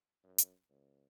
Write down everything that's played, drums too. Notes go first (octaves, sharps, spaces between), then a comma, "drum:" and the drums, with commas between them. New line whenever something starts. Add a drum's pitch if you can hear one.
F#2
drum: hi-hat
C#2